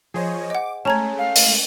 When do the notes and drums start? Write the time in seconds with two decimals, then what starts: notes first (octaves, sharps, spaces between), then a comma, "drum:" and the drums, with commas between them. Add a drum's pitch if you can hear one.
0.14 F3 G#4 C5 C#5 D#5
0.50 D#5 F#5 D6
0.85 G#3 A3 C#4 A5 A#5 G#6
1.19 F5
1.36 drum: open hi-hat